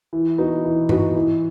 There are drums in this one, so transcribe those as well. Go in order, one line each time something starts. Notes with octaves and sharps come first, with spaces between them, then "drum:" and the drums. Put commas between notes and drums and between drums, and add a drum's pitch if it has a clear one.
E3
B3 D#4 F#4
E3
B3 D#4 F#4, drum: tom G2
E3